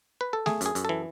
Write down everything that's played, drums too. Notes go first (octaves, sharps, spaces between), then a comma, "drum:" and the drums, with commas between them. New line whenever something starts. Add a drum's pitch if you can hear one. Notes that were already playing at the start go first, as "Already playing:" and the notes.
B4
A4
A3 G#4, drum: snare A3
F#2 G#4, drum: hi-hat
F#2, drum: hi-hat
E3 A4